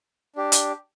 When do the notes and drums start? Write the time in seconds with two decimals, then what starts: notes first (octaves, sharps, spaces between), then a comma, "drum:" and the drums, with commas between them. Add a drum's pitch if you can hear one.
0.36 D4 G4
0.52 drum: hi-hat